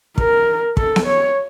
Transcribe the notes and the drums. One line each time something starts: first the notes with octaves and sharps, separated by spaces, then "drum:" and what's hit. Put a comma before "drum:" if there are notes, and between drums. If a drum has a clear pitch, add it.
A#4, drum: kick
A4, drum: kick
drum: snare B3
C#5